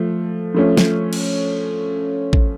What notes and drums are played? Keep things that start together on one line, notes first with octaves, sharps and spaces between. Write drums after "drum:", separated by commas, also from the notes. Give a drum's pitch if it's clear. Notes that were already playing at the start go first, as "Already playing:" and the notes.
Already playing: F3 A3
F3 A3 C#4
drum: snare
drum: cymbal
drum: kick